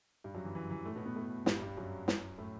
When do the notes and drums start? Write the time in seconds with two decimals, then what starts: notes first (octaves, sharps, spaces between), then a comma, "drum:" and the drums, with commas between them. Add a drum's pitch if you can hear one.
0.24 G2 G3
0.34 F#2 F#3
0.45 E3
0.55 E3
0.71 E3
0.85 A2 A3
0.96 B2 B3
1.06 B2 B3
1.16 A2 A3
1.46 G2 G3, drum: snare
1.62 G2 G3
1.77 F#2 F#3
2.08 drum: snare
2.38 A2 A3